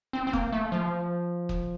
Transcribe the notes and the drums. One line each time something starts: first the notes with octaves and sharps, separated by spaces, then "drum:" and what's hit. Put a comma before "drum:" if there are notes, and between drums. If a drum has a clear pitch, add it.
C4
C4
A#3, drum: kick
A3
F3
drum: kick